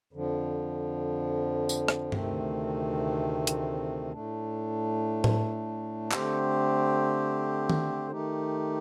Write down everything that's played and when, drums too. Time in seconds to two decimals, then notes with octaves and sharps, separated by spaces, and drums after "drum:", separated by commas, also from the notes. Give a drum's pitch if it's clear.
0.13 F2 D3 F3
1.69 drum: tambourine
1.88 drum: rim click
2.12 D2 C3 D#3 A3 C4, drum: tom G2
3.47 drum: hi-hat
4.12 A2 A3 D4
5.24 drum: tom A2
6.12 D3 A3 C4 G4 C5, drum: clap
7.70 drum: tom D#3
8.11 D#3 A3 D#4 G4